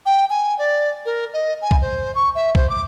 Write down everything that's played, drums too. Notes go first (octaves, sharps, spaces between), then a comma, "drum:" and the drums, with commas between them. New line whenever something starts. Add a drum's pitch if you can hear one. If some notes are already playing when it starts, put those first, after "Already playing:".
G5
G#5
D5
A#4
D#5
G#5
drum: kick
C5
C#6
E5
C5, drum: kick
D6